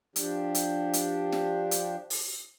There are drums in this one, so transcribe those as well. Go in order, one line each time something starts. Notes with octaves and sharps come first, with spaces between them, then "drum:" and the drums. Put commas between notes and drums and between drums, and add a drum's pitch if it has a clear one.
F3 D4 G4, drum: hi-hat
drum: hi-hat
drum: hi-hat
drum: snare
drum: hi-hat
drum: open hi-hat